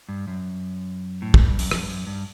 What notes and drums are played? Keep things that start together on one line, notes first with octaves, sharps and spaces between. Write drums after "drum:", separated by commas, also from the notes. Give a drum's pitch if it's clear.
G2
F#2
A2
G#2, drum: kick
G2
F#2, drum: open hi-hat
F2, drum: rim click
G2
F#2
G2